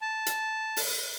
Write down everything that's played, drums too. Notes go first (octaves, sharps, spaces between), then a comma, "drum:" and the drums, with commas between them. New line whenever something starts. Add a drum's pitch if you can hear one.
A5
drum: hi-hat
drum: open hi-hat